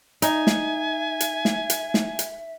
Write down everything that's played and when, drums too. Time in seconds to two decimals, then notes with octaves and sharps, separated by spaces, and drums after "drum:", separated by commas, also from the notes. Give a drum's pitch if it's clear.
0.22 D#4 E5 G#5, drum: hi-hat
0.47 drum: snare
1.20 drum: hi-hat
1.45 drum: snare
1.70 drum: hi-hat
1.94 drum: snare
2.19 drum: hi-hat